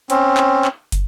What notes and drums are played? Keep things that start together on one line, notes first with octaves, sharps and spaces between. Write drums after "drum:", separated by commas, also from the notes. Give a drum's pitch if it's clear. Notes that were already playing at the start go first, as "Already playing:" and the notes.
C4 C#4, drum: hi-hat
drum: clap
drum: clap
drum: kick, hi-hat